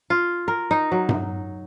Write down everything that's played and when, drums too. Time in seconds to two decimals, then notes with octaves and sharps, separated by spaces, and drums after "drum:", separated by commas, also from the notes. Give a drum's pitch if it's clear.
0.10 F4
0.48 A#4
0.71 D#4
0.92 F#3
1.09 drum: tom G2